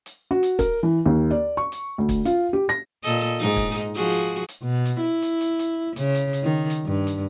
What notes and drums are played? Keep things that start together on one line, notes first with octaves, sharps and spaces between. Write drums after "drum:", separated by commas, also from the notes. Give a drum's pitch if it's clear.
drum: hi-hat
F#4
drum: hi-hat
A#4, drum: kick, hi-hat
E3
D#2
D5
C#6
drum: hi-hat
D2
drum: kick, hi-hat
F4, drum: hi-hat
G4
A#6
A#2 A4 D#5, drum: hi-hat
drum: hi-hat
G#2 D#4
drum: kick, hi-hat
drum: hi-hat
F3 F#4 G#4, drum: hi-hat
drum: hi-hat
drum: hi-hat
B2
drum: hi-hat
E4
drum: hi-hat
drum: hi-hat
drum: hi-hat
C#3, drum: hi-hat
drum: hi-hat
drum: hi-hat
D#3
drum: hi-hat
G2
drum: hi-hat